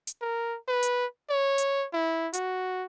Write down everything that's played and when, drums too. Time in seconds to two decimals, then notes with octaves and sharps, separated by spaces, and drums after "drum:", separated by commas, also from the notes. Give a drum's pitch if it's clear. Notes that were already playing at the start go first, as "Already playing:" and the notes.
0.07 drum: hi-hat
0.21 A#4
0.68 B4
0.83 drum: hi-hat
1.30 C#5
1.58 drum: hi-hat
1.93 E4
2.33 F#4, drum: hi-hat